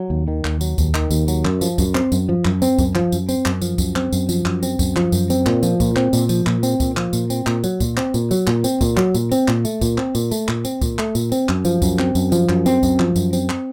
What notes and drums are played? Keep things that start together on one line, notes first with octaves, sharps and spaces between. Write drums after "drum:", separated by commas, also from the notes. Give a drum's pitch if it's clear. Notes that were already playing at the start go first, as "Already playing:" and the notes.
Already playing: F#3
D#2
D#3
D#2, drum: clap
F#3, drum: tambourine
D#2, drum: kick C#2, tambourine
D#3, drum: clap
D#2, drum: tambourine
F#3, drum: tambourine
F#2, drum: clap
F3, drum: tambourine
F#2, drum: kick C#2, tambourine
C4, drum: clap
F#2, drum: tambourine
F3
F#2, drum: clap
C4, drum: tambourine
F#2, drum: kick C#2, tambourine
F3, drum: clap
F#2, drum: tambourine
C4, drum: tambourine
F#2, drum: clap
F3, drum: tambourine
F#2, drum: kick C#2, tambourine
C4, drum: clap
F#2, drum: tambourine
F3, drum: tambourine
F#2, drum: clap
C4, drum: tambourine
F#2, drum: kick C#2, tambourine
F3, drum: clap
F#2, drum: tambourine
C4, drum: tambourine
A#2, drum: clap
F3, drum: tambourine
A#2, drum: kick C#2, tambourine
C4, drum: clap
A#2, drum: tambourine
F3, drum: tambourine
A#2, drum: clap
C4, drum: tambourine
A#2, drum: kick C#2, tambourine
F3, drum: clap
A#2, drum: tambourine
C4, drum: tambourine
A#2, drum: clap
F#3, drum: tambourine
A#2, drum: kick C#2, tambourine
C4, drum: clap
A#2, drum: tambourine
F#3, drum: tambourine
A#2, drum: clap
C4, drum: tambourine
A#2, drum: kick C#2, tambourine
F#3, drum: clap
A#2, drum: tambourine
C4, drum: tambourine
A#2, drum: clap
A3, drum: tambourine
A#2, drum: kick C#2, tambourine
C4, drum: clap
A#2, drum: tambourine
A3, drum: tambourine
A#2, drum: clap
C4, drum: tambourine
A#2, drum: kick C#2, tambourine
A3, drum: clap
A#2, drum: tambourine
C4, drum: tambourine
F#2, drum: clap
F3, drum: tambourine
F#2, drum: kick C#2, tambourine
C4, drum: clap
F#2, drum: tambourine
F3, drum: tambourine
F#2, drum: clap
C4, drum: tambourine
F#2, drum: kick C#2, tambourine
F3, drum: clap
F#2, drum: tambourine
C4, drum: tambourine
drum: clap